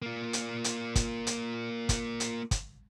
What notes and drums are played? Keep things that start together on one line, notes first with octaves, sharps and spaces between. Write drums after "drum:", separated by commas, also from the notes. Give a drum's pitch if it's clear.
A#3 F4
drum: hi-hat
drum: hi-hat
drum: kick, hi-hat
drum: hi-hat
drum: kick, hi-hat
drum: hi-hat
drum: kick, hi-hat